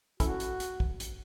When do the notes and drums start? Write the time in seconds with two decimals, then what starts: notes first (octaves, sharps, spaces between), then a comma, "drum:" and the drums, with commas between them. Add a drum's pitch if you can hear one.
0.20 C#4 E4 F#4 A4, drum: kick, hi-hat
0.40 drum: hi-hat
0.60 drum: hi-hat
0.80 drum: kick
1.00 drum: hi-hat